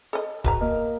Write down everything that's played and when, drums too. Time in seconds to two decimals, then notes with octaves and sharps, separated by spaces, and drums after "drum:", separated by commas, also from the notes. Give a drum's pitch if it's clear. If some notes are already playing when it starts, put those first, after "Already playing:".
0.13 A4 D#5
0.44 F#4 B4 A#5, drum: kick
0.61 A#3 A#4 D#5